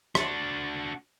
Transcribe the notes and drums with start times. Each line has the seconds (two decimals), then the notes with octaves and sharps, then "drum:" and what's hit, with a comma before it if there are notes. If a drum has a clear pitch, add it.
0.15 D4 F#4, drum: rim click